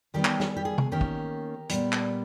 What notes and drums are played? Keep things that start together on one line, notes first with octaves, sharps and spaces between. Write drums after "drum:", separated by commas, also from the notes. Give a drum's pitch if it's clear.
D#3 G3 B3 G4 A#4
drum: clap
G#4, drum: snare
G4
G#4
drum: tom
D#3 A#3 C#4 G4 A#4
drum: kick
A#2 G3 B3, drum: hi-hat
drum: clap